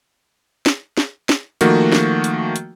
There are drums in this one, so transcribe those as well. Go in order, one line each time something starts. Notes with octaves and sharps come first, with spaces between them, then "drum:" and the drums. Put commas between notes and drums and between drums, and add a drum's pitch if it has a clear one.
drum: snare
drum: snare
drum: snare
D#3 F3 A3 A#3 F#4, drum: hi-hat
drum: snare
drum: hi-hat
drum: hi-hat